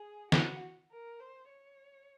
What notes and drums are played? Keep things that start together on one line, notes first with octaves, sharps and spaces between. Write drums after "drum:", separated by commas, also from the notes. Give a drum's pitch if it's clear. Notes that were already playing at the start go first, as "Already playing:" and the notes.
Already playing: G#4
F#4, drum: snare
A#4
C5
C#5